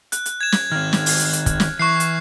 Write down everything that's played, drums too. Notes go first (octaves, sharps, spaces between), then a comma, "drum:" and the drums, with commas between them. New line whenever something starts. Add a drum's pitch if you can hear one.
F#6, drum: hi-hat
drum: hi-hat
G#6 E7
drum: snare
D#3 C4 F6 G#6
drum: snare
drum: open hi-hat
drum: hi-hat
drum: hi-hat
drum: kick, hi-hat
drum: snare
E3 C#6 F#6 C7
drum: hi-hat